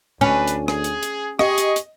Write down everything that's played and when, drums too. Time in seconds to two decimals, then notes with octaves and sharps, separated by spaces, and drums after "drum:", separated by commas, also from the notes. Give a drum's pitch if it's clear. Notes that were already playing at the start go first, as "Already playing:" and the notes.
0.21 D2 C#4 D4 B4
0.48 drum: hi-hat
0.68 G#4, drum: rim click
0.84 drum: hi-hat
1.03 drum: hi-hat
1.39 G4 G#4 D#5 C#6, drum: rim click
1.58 drum: hi-hat
1.76 drum: hi-hat